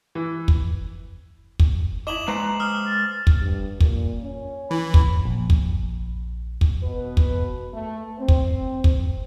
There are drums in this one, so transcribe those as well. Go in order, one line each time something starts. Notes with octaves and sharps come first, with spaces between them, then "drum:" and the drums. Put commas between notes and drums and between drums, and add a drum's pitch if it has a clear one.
E3
drum: kick
drum: kick
E4 D#5 D6 E7 F#7
G#3 B4 C5 A#5
D#6 F6
A6
drum: kick
G2
A#2, drum: kick
C#4
E3 B5
drum: kick
A#1
drum: kick
drum: kick
B2 B4
drum: kick
A3
C4
drum: kick
drum: kick